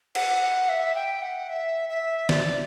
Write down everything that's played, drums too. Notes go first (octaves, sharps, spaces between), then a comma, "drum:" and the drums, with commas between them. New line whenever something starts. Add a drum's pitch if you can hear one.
F#5, drum: cymbal
F#5
E5
G5
F#5
E5
E5
D5, drum: snare